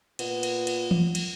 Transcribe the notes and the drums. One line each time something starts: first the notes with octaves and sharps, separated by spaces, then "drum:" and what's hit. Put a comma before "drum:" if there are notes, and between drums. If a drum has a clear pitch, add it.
A#2 B3, drum: cymbal
drum: cymbal
drum: cymbal
drum: tom E3
drum: cymbal